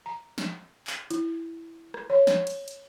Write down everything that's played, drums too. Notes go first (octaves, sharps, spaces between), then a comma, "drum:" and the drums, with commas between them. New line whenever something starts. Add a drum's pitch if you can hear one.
A#5
drum: snare
drum: clap
E4, drum: hi-hat
drum: rim click
C#5
drum: snare
drum: cymbal
drum: hi-hat